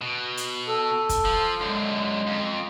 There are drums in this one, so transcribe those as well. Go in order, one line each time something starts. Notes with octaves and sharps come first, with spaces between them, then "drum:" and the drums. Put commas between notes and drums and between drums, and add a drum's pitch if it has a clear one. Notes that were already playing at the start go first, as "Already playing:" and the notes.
B2
drum: hi-hat
A4
drum: kick, hi-hat
F3
F#2 D3 G#3
F2